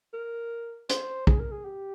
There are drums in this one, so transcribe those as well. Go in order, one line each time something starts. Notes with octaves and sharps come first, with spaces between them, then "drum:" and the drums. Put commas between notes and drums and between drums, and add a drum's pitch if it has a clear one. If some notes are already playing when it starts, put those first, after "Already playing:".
A#4
C5, drum: hi-hat
G#4, drum: kick
A#4
G#4
G4